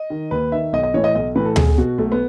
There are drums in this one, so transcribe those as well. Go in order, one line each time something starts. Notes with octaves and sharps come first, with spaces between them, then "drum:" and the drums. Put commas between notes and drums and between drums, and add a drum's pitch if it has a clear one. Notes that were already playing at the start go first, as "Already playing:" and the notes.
Already playing: D#5
D#3
D#2 B4
D#3 E5
B1 D#5
D#5
A2 E3 C#5
D#5
B1 D#5
A2 E3 B4
A4
B1 G#4, drum: tom D2
B2 F#4
B1 A3
B3